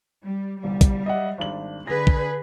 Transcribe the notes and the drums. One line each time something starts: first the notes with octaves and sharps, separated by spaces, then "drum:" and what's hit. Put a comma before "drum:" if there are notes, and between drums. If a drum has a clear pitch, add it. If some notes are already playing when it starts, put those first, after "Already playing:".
G3
G1 C2 G3
drum: kick, hi-hat
D#5 E5 F#5
G#1 D4 F#7
D3 G#4 B4 A#6
drum: kick